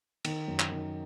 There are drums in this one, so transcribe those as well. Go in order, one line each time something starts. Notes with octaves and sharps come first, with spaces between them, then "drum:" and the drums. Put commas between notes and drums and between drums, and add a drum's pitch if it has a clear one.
D#3, drum: cymbal
F#2
drum: clap
D#3